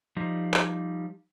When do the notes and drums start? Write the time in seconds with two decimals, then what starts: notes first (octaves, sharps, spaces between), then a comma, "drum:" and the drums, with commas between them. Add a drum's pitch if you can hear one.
0.17 F3 G3 D#4
0.54 drum: clap